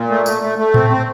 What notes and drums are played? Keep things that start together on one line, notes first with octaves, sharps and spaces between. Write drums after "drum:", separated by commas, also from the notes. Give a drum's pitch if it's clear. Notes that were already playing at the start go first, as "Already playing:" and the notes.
Already playing: A#2
A3
A3, drum: tambourine
A3
A3
C4, drum: tom A2
C4